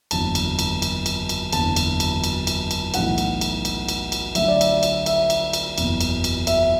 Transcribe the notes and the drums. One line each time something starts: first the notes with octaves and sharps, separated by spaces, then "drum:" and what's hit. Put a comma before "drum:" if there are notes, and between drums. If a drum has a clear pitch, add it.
F#1 E2 D3 F#3 A5, drum: cymbal
drum: cymbal
drum: cymbal
drum: cymbal
drum: cymbal
drum: cymbal
F#1 E2 D3 F#3 A5, drum: cymbal
drum: cymbal
drum: cymbal
drum: cymbal
drum: cymbal
drum: cymbal
B1 A2 E3 F#5, drum: cymbal
drum: cymbal
drum: cymbal
drum: cymbal
drum: cymbal
drum: cymbal
D2 D3 F#3 E5, drum: cymbal
D5
E5, drum: cymbal
drum: cymbal
E5, drum: cymbal
drum: cymbal
drum: cymbal
F#1 E2 B2 F#3, drum: cymbal
drum: cymbal
drum: cymbal
E5, drum: cymbal